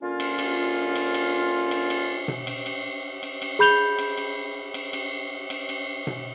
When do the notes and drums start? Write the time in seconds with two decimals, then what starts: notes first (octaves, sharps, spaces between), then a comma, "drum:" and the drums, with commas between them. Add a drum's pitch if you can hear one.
0.01 D3 A#3 C#4 F4
0.20 drum: cymbal
0.39 drum: cymbal
0.96 drum: cymbal
1.14 drum: cymbal
1.71 drum: cymbal
1.90 drum: cymbal
2.28 drum: tom B2
2.47 drum: cymbal
2.66 drum: cymbal
3.23 drum: cymbal
3.42 drum: cymbal
3.59 G#4 B5 G6 F7 G7
3.99 drum: cymbal
4.17 drum: cymbal
4.74 drum: cymbal
4.93 drum: cymbal
5.50 drum: cymbal
5.69 drum: cymbal
6.07 drum: tom B2